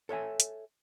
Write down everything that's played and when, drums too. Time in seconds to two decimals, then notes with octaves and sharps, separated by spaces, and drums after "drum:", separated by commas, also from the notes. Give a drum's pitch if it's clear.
0.09 A4 C#5 E5 G#5
0.40 drum: hi-hat